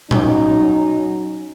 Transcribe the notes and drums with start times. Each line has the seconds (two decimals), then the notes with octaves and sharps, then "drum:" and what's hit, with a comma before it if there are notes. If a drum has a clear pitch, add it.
0.11 F#3 C#4 D#4, drum: tom A#2